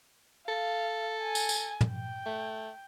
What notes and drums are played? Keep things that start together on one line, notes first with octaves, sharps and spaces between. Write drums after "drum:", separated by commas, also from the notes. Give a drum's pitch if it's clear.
A4 F5
G#5
drum: tambourine
drum: tambourine
drum: tom
G5
A3